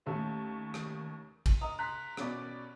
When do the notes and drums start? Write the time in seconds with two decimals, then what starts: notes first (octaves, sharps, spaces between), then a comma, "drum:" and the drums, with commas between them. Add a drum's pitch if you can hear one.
0.06 D#2 A3 C#4
0.74 drum: rim click
1.46 drum: kick, cymbal
1.61 D#5 A#5 D#6
1.79 A#5 C6 F#6 B6
2.17 B2 C#4 D5, drum: rim click